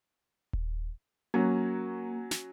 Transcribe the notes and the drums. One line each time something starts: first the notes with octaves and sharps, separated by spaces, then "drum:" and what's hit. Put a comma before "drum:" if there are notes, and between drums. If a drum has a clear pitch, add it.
drum: kick D#1
F#3 A#3 C#4 F#4
drum: snare